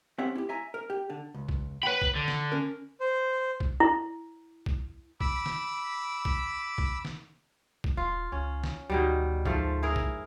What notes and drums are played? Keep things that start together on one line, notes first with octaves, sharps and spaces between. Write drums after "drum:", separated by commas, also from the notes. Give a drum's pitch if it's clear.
C4 C#4 G4 E5 F#5
E4 G4
E5 G#5 A#5
A#4
G4
D3
C#2
drum: kick
B4 C#5 F#5 G5 B5
drum: kick
D3
drum: snare
C#4 A#4
C5
drum: kick
E4
drum: kick
B5 D6 E6, drum: kick
drum: snare
drum: kick
drum: kick
drum: snare
drum: kick
D#1 F4
C#2 C#4
drum: snare
D2 B2 D#3 G3
G#2 F3 A3, drum: kick
E4 G#4 A#4
drum: kick